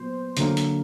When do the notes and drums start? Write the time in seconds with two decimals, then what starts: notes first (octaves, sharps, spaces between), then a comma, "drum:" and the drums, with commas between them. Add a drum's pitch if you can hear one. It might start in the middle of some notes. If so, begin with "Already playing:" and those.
Already playing: A#2 F#3 B3 C5
0.37 D3 F#3 A#3, drum: hi-hat
0.57 drum: hi-hat